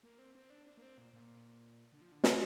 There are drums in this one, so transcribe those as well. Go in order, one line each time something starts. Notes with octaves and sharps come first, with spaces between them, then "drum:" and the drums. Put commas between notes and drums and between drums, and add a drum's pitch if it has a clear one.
A#3
C4
C4
D4
D4
A#3
C4
A#2
A#2
D3
F3
D3
C3, drum: snare